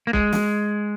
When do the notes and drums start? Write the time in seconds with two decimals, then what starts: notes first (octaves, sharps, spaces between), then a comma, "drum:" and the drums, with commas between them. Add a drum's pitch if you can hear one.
0.07 A#3
0.13 G#3, drum: kick
0.33 drum: snare